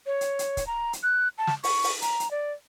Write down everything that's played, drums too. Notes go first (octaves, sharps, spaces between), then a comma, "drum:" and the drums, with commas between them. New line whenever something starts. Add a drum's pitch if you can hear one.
C#5
drum: hi-hat
drum: hi-hat
drum: kick C#1, hi-hat
A#5
drum: hi-hat
F#6
A5
drum: snare
C#6, drum: open hi-hat
drum: open hi-hat
A#5, drum: hi-hat
drum: hi-hat
D5